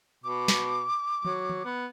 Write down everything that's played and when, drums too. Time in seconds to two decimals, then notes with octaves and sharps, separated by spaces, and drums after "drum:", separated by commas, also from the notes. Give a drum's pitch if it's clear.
0.24 B2 D6
0.48 drum: snare
1.25 F#3, drum: tom D#3
1.50 drum: tom D#3
1.65 B3